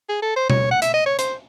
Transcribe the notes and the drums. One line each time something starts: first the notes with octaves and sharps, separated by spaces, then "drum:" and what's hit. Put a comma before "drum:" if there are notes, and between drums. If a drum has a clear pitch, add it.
G#4
A4
C5
C#5, drum: tom B2
F#5
E5, drum: hi-hat
D#5
C#5
C5, drum: hi-hat